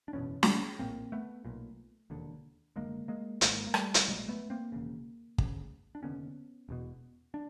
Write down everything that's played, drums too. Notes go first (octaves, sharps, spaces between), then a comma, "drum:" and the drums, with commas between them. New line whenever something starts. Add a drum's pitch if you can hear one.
D4
F#1 E2 B2 B3 C#4
drum: snare
A#1 A2 A#3 C4
A3 B3
B1 A#2
E1 D#2 D3
F#2 D3 G#3 A#3
F#1
G#3 A#3
G#1 G#2 G#3 A#3, drum: hi-hat
A#3
G3 A3, drum: rim click
drum: hi-hat
A#1 A#2 F#3 G#3
A3 B3
A#3 C4
E1 D#2 C#3
D2 C#3, drum: kick
D4
F1 D#2 D3 B3 C#4
E1 E2 B2
D4